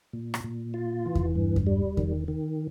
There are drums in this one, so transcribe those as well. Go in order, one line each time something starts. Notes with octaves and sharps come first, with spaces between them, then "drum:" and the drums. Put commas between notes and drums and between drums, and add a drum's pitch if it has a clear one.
A#2
drum: rim click
A#2
F4
E3
drum: kick E2
G2
drum: kick E2
G3
D#3, drum: kick E2
D#3